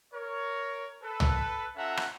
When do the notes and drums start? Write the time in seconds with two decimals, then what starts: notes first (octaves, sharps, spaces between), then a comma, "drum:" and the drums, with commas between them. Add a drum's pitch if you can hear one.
0.13 A#4 C#5
1.02 A4 B4
1.20 drum: tom
1.76 C#4 F4 A4 E5 F#5 A#5
1.97 drum: rim click